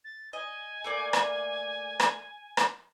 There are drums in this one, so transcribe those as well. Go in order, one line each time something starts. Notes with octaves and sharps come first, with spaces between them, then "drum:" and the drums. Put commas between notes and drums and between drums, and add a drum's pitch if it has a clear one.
A6
D#5 G#5
A3 A#3 D5
drum: rim click
drum: rim click
drum: rim click